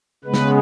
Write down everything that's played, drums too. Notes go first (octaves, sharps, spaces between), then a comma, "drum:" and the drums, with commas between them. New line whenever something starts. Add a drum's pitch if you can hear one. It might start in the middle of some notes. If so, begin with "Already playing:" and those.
C#3 G#3 B3 B4
drum: snare